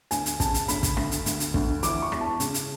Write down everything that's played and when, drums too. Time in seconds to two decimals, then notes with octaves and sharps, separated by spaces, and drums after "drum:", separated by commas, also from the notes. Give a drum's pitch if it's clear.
0.11 D2 G#5, drum: hi-hat
0.26 drum: hi-hat
0.40 C#3 A5, drum: kick, hi-hat
0.54 drum: hi-hat
0.68 D2 B5, drum: hi-hat
0.83 drum: kick, hi-hat
0.97 D2, drum: rim click
1.11 drum: hi-hat
1.26 D2, drum: hi-hat
1.40 drum: hi-hat
1.54 D2, drum: kick
1.83 E3 D6, drum: hi-hat
2.02 C#6
2.12 E2, drum: rim click
2.21 A5
2.40 C#3, drum: hi-hat
2.54 drum: hi-hat